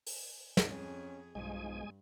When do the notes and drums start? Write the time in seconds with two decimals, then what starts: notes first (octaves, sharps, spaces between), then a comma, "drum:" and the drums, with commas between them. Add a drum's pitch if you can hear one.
0.06 drum: open hi-hat
0.57 drum: snare
0.66 F2 C#4 G#4
1.35 B1 G2 F3 G#3 G#5